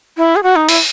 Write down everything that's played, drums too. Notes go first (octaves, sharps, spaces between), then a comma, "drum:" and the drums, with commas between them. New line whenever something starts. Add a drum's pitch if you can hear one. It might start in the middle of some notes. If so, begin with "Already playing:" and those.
E4
G#4
F#4
D#4
E4, drum: open hi-hat